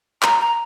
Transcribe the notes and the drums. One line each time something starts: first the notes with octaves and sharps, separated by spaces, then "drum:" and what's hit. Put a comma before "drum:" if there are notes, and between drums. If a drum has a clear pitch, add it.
A#5, drum: clap
A#5